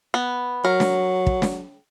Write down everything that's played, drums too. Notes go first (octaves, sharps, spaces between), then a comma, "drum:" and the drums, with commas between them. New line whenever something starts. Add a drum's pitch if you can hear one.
B3
F#3 A#4
drum: snare
drum: kick
drum: snare